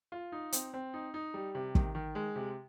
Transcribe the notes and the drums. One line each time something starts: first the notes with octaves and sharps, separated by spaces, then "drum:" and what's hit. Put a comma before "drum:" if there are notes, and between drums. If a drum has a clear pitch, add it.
F4
D#4
C4, drum: hi-hat
C4
D#4
D#4
G3
C3
D#3, drum: kick
D#3
G#3
C3